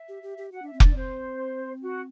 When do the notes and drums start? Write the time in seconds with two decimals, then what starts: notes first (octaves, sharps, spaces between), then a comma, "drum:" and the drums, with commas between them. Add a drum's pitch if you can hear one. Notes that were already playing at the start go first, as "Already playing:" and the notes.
Already playing: E5
0.09 G4
0.23 G4
0.38 G4
0.52 F#4 F#5
0.62 D4 E5
0.73 C4
0.80 D4 D5, drum: kick F1
0.95 C4 C5
1.81 F#4